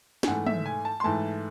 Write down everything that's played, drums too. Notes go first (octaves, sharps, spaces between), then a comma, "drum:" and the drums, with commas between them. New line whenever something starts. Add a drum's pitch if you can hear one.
G#5, drum: snare
G#2 E3 A3 F#5
E5, drum: tom
G#5
A5
C6
G#2 E3 A3 A5